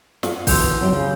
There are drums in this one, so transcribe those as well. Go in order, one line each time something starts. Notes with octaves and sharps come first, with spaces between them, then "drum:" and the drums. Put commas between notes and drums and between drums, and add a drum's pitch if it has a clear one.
F4 C#5 F#5, drum: snare
B2 D3 E3 C6 E6 G6, drum: kick, open hi-hat
F#3 C4 E4 G4
C#3 F3